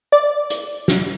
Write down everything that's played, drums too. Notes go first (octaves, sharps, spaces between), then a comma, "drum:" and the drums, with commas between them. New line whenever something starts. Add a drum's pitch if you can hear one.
D5
drum: hi-hat
drum: snare